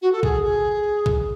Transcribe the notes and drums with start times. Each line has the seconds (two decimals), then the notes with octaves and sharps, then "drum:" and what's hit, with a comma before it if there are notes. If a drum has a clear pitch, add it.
0.02 F#4
0.12 A4
0.23 G#4, drum: kick A#1
0.44 G#4
1.06 drum: kick A#1